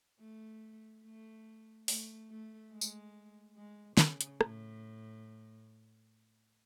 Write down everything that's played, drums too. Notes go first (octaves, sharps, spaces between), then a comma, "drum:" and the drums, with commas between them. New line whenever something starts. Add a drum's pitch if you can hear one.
A3
A3
A3, drum: open hi-hat
A3
G#3
drum: tambourine
G#3
C#3, drum: snare
drum: hi-hat
A2, drum: rim click